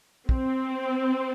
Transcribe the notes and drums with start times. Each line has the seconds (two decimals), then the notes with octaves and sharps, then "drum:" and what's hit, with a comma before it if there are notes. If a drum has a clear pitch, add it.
0.29 C4, drum: kick A#1